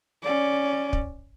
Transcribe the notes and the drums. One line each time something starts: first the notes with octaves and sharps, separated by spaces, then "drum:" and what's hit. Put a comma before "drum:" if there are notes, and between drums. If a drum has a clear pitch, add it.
C#4 D5
drum: kick